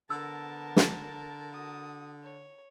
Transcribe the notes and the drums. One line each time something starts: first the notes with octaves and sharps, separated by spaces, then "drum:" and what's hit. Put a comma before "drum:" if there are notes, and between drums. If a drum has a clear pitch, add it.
D3 B3 A#4 A5 E6
drum: snare
F#4 D#6
C#5